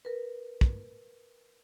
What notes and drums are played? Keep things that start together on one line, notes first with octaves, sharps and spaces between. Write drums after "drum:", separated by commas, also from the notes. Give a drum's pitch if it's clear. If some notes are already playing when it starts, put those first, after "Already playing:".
A#4 B4
drum: kick